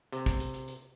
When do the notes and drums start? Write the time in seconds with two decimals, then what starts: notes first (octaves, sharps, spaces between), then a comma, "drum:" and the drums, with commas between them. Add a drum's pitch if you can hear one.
0.12 C3, drum: hi-hat
0.26 drum: kick, hi-hat
0.40 drum: hi-hat
0.54 drum: hi-hat
0.68 drum: hi-hat